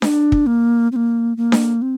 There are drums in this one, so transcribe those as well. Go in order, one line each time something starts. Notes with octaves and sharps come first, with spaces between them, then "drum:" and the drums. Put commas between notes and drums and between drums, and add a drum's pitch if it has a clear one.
D4, drum: snare D4
drum: kick
A#3
C4
A#3
A#3
drum: snare D4
C4